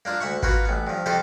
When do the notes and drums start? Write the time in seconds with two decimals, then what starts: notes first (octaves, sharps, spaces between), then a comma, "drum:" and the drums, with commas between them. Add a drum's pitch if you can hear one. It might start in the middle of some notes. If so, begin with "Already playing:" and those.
0.05 A#3 D4 F4 D#6
0.20 D2 E5 F#5 C#6
0.43 A#3 B3 F4 F#4 B4, drum: kick G#1
0.65 A1 B3
0.87 G2 F3
1.06 F2 D#3 G4 A4 C5 D#5